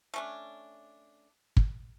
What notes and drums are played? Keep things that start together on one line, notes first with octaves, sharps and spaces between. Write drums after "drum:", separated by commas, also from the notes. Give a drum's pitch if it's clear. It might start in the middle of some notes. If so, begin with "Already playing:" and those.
A3 C#4 D4
drum: kick